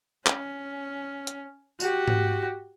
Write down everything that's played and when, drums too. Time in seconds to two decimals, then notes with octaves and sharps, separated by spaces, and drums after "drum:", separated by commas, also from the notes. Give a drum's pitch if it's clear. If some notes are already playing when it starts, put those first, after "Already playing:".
0.26 C#4, drum: clap
1.27 drum: hi-hat
1.80 F#4 G4, drum: tambourine
2.08 drum: tom G#2